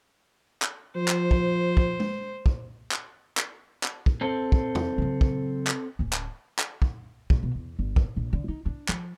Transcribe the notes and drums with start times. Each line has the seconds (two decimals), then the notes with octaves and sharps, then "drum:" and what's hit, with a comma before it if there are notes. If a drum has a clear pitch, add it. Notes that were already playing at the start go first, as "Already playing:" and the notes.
0.62 drum: clap
0.96 F3 C5
1.08 drum: clap
1.31 drum: kick
1.77 drum: kick
2.00 drum: tom G#3
2.46 drum: kick
2.92 drum: clap
3.37 drum: clap
3.83 drum: clap
4.06 drum: kick
4.21 C4 A4
4.52 drum: kick
4.75 drum: tom E2
4.98 C#3 F#3
5.21 drum: kick
5.67 drum: clap
5.99 D1 C#4
6.13 drum: clap
6.59 drum: clap
6.82 drum: kick
7.30 A#2, drum: kick
7.43 B2
7.55 E2
7.79 G1
7.96 drum: kick
8.16 A#1
8.33 D3
8.48 D#4
8.66 D4
8.89 F3, drum: clap